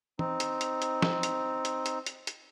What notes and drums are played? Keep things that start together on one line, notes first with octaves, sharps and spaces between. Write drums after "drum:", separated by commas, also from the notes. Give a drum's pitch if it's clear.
C4 D#4, drum: tom E3
drum: hi-hat
drum: hi-hat
drum: hi-hat
drum: snare
drum: hi-hat
drum: hi-hat
drum: hi-hat
drum: hi-hat
drum: hi-hat